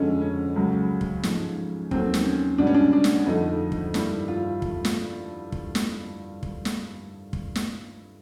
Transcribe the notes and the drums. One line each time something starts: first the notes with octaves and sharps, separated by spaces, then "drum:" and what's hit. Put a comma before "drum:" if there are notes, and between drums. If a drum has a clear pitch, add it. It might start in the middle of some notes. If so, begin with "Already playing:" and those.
Already playing: F2 D3 F3 G#3 C#4
C#4
C#2 C#3 F#3
drum: kick
G#2 F3 G#3, drum: snare
D#2 D#3 F#3 A3 C4, drum: kick
drum: snare
C#4
C#2 B2 G3 D4
C#4
D4
D4
drum: snare
F2 D3 F3 A3 D#4
drum: kick
G2 D#3 G3 E4, drum: snare
F4
drum: kick
drum: snare
drum: kick
drum: snare
drum: kick
drum: snare
drum: kick
drum: snare